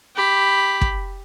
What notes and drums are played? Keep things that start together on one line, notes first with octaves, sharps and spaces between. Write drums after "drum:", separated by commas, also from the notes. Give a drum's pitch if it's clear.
G4 B5
drum: kick